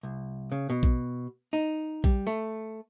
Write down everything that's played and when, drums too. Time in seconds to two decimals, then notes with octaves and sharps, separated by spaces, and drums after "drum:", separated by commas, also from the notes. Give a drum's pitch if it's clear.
0.03 C2
0.52 C#3
0.70 B2
0.83 drum: kick A#1
1.53 D#4
2.04 G3, drum: kick A#1
2.27 A3